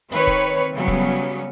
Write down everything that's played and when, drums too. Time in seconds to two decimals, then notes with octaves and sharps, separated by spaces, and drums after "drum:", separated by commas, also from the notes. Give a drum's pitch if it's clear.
0.12 D#3 C4 B4 C#5
0.27 drum: kick
0.75 C#3 F#3 G3 B3 C#4
0.88 drum: kick